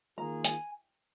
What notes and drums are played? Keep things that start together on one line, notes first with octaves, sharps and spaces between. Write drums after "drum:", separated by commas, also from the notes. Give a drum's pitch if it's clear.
D#3 A#3 F4 G#4 A#5
G#5, drum: hi-hat